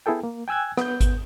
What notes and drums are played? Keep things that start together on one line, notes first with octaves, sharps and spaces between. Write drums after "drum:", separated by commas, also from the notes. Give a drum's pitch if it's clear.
B3 E4 G#4 A4 G5
A#3
G5 G#5 E6 F#6 G#6
B3 G6, drum: rim click
drum: kick G#1, hi-hat